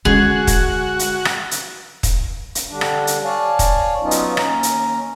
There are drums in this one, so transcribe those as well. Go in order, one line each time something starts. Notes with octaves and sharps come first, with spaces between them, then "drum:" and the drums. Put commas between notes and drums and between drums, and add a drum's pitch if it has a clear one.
D3 G#3 C#4 F#4 G#4
drum: kick, hi-hat
drum: hi-hat
drum: rim click
drum: hi-hat
drum: kick, hi-hat
drum: hi-hat
D3 G3 D4
drum: rim click
drum: hi-hat
C#5 D5 F5 G#5 A5
drum: kick, hi-hat
F#3 B3 C#4 D#4 F4
drum: hi-hat
D#2 C#4 A#5, drum: rim click
drum: hi-hat